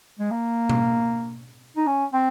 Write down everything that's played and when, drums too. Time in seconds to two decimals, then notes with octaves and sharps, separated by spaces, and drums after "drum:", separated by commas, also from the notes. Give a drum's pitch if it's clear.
0.19 G#3
0.31 A#3
0.69 drum: tom B2
1.77 D#4
1.87 C#4
2.13 C4